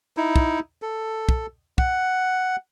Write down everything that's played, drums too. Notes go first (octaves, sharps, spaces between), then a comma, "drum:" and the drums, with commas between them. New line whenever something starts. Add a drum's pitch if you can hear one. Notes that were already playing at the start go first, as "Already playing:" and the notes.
D#4 E4
drum: kick
A4
drum: kick
F#5, drum: kick